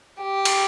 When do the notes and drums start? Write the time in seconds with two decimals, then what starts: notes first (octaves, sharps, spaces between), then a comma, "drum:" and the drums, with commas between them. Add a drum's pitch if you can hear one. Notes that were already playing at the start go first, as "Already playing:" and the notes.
0.22 G4
0.45 drum: cymbal